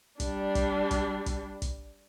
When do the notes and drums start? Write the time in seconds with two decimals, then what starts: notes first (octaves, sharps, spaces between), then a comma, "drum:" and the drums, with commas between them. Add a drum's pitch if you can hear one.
0.20 G3 D4, drum: kick, hi-hat
0.55 drum: kick, hi-hat
0.91 drum: kick, hi-hat
1.26 drum: kick, hi-hat
1.62 drum: kick, hi-hat